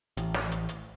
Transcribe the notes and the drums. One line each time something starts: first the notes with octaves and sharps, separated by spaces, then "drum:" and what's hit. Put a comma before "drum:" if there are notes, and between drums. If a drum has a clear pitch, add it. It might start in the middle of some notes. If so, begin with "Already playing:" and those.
A1, drum: hi-hat
drum: snare
drum: hi-hat
drum: hi-hat